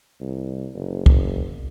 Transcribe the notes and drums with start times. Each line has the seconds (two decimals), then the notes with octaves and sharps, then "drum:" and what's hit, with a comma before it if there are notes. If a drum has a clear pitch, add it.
0.21 C2
0.75 F#1
1.06 drum: kick